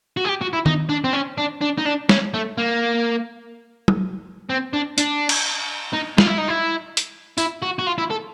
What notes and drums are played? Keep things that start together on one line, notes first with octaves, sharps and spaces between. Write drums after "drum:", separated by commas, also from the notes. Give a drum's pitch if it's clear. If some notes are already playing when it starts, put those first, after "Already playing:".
F#4
G#4
G4
F#4
E4
D#4, drum: tom D#3
D4
C4
C#4
D4
D4
D#4
D4
C#4, drum: snare
A3
A#3
drum: tom F#3
C4
D4
D4, drum: hi-hat
drum: cymbal
D#4
F4, drum: snare
E4
D#4
E4
drum: hi-hat
E4, drum: tambourine
F#4
F#4
F4
E4
A4